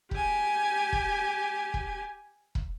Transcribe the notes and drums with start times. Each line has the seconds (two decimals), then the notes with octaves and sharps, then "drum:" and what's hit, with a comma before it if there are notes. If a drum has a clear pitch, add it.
0.11 G4 G#5, drum: kick
0.93 drum: kick
1.74 drum: kick
2.55 drum: kick